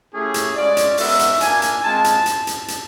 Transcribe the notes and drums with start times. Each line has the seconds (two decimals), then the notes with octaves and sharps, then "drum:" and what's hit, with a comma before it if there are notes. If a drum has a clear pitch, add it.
0.13 A3 C#4 E4 G4 G#4
0.34 drum: hi-hat
0.55 G#3 C#4 F4 D5
0.77 drum: hi-hat
0.97 G#3 B3 D#4 F#4 E5, drum: open hi-hat
1.19 drum: hi-hat
1.41 A#3 D4 F4 G#5, drum: hi-hat
1.62 drum: hi-hat
1.83 G#3 C4 F4 A5
2.04 drum: hi-hat
2.26 drum: hi-hat
2.47 drum: hi-hat
2.68 drum: hi-hat